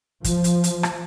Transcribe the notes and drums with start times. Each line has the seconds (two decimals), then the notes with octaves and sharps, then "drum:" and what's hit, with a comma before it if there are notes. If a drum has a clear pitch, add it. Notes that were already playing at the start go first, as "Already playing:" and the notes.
0.24 F3, drum: kick, hi-hat
0.44 drum: hi-hat
0.64 drum: hi-hat
0.83 drum: rim click